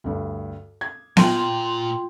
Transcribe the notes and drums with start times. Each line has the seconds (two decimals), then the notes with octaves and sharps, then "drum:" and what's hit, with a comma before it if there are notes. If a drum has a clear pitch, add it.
0.04 D2 G2
0.81 G#6
1.17 A#2 F4 G5 C6, drum: snare B3